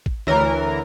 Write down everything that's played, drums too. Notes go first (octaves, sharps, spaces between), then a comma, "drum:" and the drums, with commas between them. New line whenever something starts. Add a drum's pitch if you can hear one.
drum: kick
D2 E3 A#4 C#5 A#5, drum: tom D3